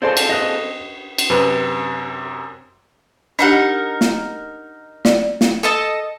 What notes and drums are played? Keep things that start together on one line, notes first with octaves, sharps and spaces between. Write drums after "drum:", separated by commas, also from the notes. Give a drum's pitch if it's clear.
C4 G#4 A4 C5 D5 C6
drum: cymbal
D#5 F#6
drum: cymbal
F#2 C3 B4
D4 D#4 G4 A#4 F#5
drum: snare
D5, drum: snare
drum: snare
A4 D#5 A5